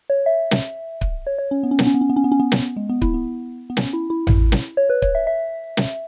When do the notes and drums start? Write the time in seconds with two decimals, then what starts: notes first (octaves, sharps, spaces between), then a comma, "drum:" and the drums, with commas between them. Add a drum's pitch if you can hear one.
0.10 C#5
0.26 E5
0.51 drum: snare
1.01 drum: kick C#1
1.27 C#5
1.38 C#5
1.51 C#4
1.63 B3
1.71 C#4
1.79 B3, drum: snare
1.87 C#4
1.94 B3
2.01 C#4
2.10 B3
2.16 C#4
2.24 B3
2.32 C#4
2.40 B3
2.52 drum: snare
2.77 G#3
2.89 B3
3.02 E4, drum: kick C#1
3.14 B3
3.70 B3
3.77 C#4, drum: snare
3.93 E4
4.10 E4
4.27 drum: tom A1
4.52 drum: snare
4.77 C#5
4.90 B4
5.02 C#5, drum: kick C#1
5.15 E5
5.27 E5
5.77 drum: snare